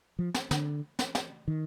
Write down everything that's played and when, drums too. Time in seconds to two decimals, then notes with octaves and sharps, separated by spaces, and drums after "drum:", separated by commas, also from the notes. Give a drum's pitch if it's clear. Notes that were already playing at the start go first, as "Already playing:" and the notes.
0.19 F3
0.34 drum: snare
0.51 D3, drum: snare
0.99 drum: snare
1.15 drum: snare
1.48 D#3